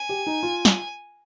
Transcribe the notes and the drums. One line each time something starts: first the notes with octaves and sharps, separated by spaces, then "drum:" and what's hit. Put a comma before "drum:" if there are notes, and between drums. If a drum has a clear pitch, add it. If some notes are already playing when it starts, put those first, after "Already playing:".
Already playing: G#5
G4
D#4
F4
drum: snare